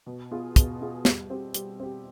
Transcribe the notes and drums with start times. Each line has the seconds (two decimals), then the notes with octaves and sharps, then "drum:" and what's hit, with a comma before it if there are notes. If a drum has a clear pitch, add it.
0.06 B2
0.31 B3 F4 G#4
0.56 B2, drum: kick, hi-hat
0.81 B3 F4 G#4
1.05 G3, drum: snare
1.30 C4 G4
1.54 G3, drum: hi-hat
1.80 C4 G4